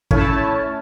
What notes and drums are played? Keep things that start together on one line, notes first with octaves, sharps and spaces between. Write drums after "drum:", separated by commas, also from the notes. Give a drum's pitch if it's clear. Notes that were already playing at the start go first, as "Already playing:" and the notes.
A3 C#4 E4 G#5 A5 C#6, drum: kick